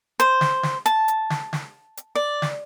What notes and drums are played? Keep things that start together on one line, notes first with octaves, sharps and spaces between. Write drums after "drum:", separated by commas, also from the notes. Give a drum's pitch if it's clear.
C5, drum: hi-hat
drum: snare
drum: snare
A5, drum: hi-hat
drum: hi-hat
drum: snare
drum: snare
drum: hi-hat
D5
drum: snare